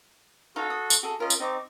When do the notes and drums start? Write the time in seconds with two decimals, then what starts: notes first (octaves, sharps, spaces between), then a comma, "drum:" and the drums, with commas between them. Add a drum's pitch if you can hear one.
0.56 D#4 F#4 A4 F5
0.70 D#6
0.90 drum: tambourine
1.03 F#4 G#4 A4
1.20 C#4 F4 A#4 D#5
1.30 drum: tambourine
1.40 C4 D#4 D#5 C#6 D6